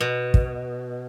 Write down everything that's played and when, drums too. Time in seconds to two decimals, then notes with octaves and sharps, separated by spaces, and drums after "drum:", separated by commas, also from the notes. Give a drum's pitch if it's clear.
0.01 B2
0.34 drum: kick